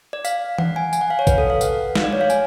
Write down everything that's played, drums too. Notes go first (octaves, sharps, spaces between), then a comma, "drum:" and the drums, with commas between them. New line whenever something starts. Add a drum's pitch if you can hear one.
D5
F5, drum: tambourine
F#5, drum: tom E3
G#5
G#5, drum: tambourine
F#5
F5
C#5
B4, drum: kick A1, tambourine
A4
F5
F#5, drum: tambourine
F5, drum: snare
D5
C#5
F5
G#5, drum: tambourine